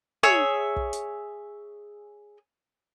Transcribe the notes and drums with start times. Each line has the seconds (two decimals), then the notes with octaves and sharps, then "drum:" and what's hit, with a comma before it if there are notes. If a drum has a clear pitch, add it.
0.23 G#4 C#5 E5 E6, drum: tom
0.76 drum: kick
0.93 drum: hi-hat